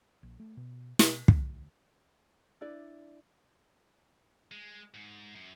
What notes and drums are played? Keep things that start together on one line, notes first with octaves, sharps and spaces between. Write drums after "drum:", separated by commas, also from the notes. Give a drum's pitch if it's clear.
A#1
A3
B2
B2, drum: snare
D2, drum: kick
D4 E4 B4 D5
G#3
G#2
F#2